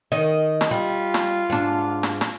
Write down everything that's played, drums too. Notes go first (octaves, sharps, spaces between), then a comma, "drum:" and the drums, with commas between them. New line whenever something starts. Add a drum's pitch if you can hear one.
D#3 D#5
drum: snare
G3 F4
drum: snare
G#2 D4
drum: snare
drum: snare